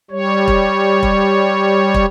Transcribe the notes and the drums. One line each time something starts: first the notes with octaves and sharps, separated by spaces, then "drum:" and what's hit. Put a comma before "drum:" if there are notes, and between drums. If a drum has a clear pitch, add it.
G3 C#5
drum: kick
drum: kick
drum: kick